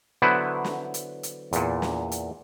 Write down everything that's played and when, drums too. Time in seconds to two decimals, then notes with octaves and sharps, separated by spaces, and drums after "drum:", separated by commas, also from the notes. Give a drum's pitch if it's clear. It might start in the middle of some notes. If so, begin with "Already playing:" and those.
0.22 D3 F#3 B3 E4 B4 C5
0.64 drum: snare
0.94 drum: hi-hat
1.23 drum: hi-hat
1.53 E2 A#2, drum: hi-hat
1.82 drum: snare
2.12 drum: hi-hat